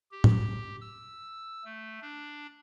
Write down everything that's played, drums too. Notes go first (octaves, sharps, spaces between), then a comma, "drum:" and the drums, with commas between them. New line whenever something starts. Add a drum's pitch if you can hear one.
G4
drum: tom
E6
A3
D4